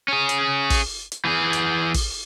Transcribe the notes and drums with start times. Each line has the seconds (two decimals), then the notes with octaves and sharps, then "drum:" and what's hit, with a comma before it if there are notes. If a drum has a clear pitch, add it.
0.08 C#4 G#4
0.29 drum: hi-hat
0.70 drum: kick, open hi-hat
1.12 drum: hi-hat
1.25 E3 G#4
1.53 drum: hi-hat
1.94 drum: kick, open hi-hat